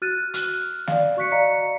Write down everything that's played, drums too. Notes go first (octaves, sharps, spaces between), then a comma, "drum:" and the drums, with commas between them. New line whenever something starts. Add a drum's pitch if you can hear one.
F#4 F6 F#6 A6 D#7
F6 F#6, drum: hi-hat
D5 F5, drum: snare
F#4 C#6 F#6 B6 C#7
D5 D#5 F5 A#5 B6 C#7